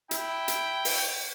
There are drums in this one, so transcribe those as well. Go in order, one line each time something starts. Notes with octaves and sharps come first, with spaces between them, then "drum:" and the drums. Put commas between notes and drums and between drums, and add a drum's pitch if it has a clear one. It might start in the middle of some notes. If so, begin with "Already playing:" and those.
E4 G5, drum: hi-hat
drum: hi-hat
drum: open hi-hat